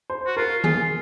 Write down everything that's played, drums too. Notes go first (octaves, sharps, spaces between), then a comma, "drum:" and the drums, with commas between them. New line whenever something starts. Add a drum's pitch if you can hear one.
C5
F#4
F4 A#4
F4 G#4, drum: tom D#3